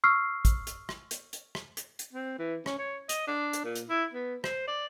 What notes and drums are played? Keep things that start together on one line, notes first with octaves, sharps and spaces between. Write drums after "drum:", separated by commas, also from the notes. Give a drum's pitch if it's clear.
C#6 E6 F6 C7
drum: kick, hi-hat
drum: hi-hat
drum: rim click
drum: hi-hat
drum: hi-hat
drum: rim click
drum: hi-hat
drum: hi-hat
C4
E3
C#4, drum: rim click
C#5
D#5, drum: hi-hat
D4
drum: hi-hat
A#2
drum: hi-hat
E4
B3
C5, drum: rim click
D5